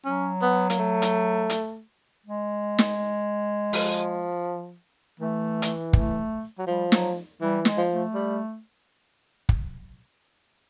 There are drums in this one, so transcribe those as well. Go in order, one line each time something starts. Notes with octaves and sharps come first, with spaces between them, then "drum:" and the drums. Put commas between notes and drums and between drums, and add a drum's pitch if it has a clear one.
F#3 C#4
B3
A#3, drum: hi-hat
A3
drum: hi-hat
drum: hi-hat
G#3
drum: snare
F3, drum: open hi-hat
E3 A3
drum: hi-hat
A3, drum: kick
F#3
F3 G3
F#3, drum: snare
E3 G3
G#3, drum: snare
F3
A3
G3
drum: kick